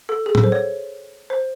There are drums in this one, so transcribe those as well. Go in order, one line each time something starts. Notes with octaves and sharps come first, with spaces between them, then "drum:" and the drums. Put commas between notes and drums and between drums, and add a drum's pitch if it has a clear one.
A4
G#4
A4, drum: tom A2
C5
C#5
C5